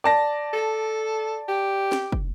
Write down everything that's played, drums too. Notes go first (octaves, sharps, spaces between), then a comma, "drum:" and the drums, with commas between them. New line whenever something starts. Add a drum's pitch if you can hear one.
D5 A5 A#6
A4
G4
drum: snare
drum: kick